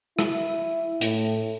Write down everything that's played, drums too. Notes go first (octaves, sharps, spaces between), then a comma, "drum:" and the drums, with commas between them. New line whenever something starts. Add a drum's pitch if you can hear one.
E4, drum: rim click
A2, drum: hi-hat